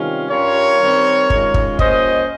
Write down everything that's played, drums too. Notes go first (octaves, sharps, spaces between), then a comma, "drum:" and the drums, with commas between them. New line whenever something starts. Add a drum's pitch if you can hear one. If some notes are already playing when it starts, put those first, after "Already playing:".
Already playing: C3 D#3 G3 C#4 F4
G2 G3 C#4 F4 A#4 C#5
D#3 G3 C4
D#3 G#3 C#4 F4, drum: kick
drum: kick
A#2 G3 C#4 C5 D#5, drum: kick